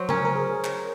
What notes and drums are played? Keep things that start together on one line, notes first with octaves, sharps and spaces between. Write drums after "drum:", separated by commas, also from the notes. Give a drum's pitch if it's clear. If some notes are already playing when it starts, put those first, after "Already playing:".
Already playing: F#3 F#4 C5 C#5
C#4 A#4, drum: tom C#3
A#4
G#4
drum: clap